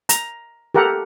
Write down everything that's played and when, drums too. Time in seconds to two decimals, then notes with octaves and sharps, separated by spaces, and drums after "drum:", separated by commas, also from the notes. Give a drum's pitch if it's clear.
0.09 A#5, drum: hi-hat
0.75 G4 A4 A#4 F#5